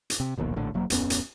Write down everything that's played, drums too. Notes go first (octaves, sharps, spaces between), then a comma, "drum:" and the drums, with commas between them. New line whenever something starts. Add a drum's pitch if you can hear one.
drum: hi-hat
C3
D1 A#1 D#2 B2
A#1 A2 D3
E1 F#3 A#3
D1 F2 B3 C#4, drum: hi-hat
drum: hi-hat